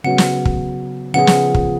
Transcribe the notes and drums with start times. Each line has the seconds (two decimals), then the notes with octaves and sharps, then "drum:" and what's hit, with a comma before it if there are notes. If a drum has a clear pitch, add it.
0.04 C#3 F#3 B3 F#5
0.18 drum: snare
0.45 drum: kick
1.14 C#3 F3 B3 F4 G#4 F#5
1.27 drum: snare
1.55 drum: kick